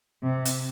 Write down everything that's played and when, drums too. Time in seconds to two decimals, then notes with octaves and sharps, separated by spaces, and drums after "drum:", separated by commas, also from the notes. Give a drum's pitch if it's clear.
0.23 C3
0.45 drum: hi-hat